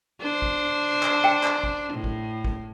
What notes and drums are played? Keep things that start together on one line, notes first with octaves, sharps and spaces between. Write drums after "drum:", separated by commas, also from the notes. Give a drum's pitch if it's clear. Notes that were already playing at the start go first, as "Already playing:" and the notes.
D4 C5
drum: kick
drum: clap
G5
drum: clap
drum: kick
A2
drum: kick
drum: kick